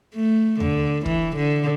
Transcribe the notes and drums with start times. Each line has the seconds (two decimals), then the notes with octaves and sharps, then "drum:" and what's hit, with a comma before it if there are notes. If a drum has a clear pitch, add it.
0.15 A3
0.60 D3, drum: tom D#2
1.05 E3, drum: kick
1.36 D3